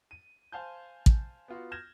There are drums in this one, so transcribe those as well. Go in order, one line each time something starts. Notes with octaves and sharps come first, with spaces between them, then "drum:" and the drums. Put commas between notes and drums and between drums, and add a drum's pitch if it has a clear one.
D#7
C5 F5 G#5 A5 G6
drum: kick
B3 F4 F#4
F6 G6 G#6 A#6 E7